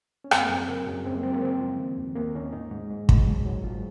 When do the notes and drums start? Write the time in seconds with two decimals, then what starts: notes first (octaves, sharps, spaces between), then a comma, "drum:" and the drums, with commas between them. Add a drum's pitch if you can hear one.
0.24 C#4
0.31 F#2 C4, drum: rim click
0.40 A#3
0.49 F#2 C4
0.59 F#4
0.68 C#3 A#4
0.87 F#2 G#4
1.05 F#2 C4
1.15 A#3
1.23 G#3 C4
1.33 A#3
1.42 C#3 C4
1.60 F3
1.79 D#3
1.98 D#2
2.16 D#2 A#3
2.35 D#3 C#4
2.53 G#2 D#4
2.71 G#2
2.90 G#2
3.09 G#2, drum: kick
3.27 F#3
3.46 F#3
3.64 G#2 F4